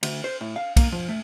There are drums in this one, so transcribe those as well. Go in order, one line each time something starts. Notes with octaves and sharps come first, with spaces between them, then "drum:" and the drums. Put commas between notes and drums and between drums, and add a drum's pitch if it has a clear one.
D2, drum: cymbal
C5
A2
F5
A#3, drum: kick, cymbal
F3
A3